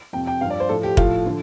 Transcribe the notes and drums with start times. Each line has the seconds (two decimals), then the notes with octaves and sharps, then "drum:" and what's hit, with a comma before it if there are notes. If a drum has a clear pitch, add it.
0.13 F2 C3 F3 G5
0.27 G5
0.41 G2 F3 F5
0.50 D5
0.60 C5
0.69 A2 F3 A4
0.83 G4
0.97 A2 F3 F4, drum: kick
1.26 D3 F3